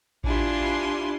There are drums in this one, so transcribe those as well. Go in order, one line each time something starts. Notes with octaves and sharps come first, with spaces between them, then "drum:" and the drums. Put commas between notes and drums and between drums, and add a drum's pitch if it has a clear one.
D4 E4 F4 G4 G#5 C6, drum: kick A1